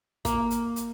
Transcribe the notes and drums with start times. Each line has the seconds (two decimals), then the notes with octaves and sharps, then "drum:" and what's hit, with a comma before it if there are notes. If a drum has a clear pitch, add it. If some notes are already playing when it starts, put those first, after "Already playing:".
0.25 A#3, drum: kick, hi-hat
0.50 drum: hi-hat
0.76 drum: hi-hat